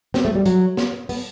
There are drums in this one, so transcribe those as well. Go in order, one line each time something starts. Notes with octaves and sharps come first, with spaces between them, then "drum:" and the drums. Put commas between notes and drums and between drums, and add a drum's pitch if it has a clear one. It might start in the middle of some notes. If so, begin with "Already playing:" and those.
C4, drum: snare
A3
G3
F#3, drum: hi-hat
drum: snare
B3, drum: open hi-hat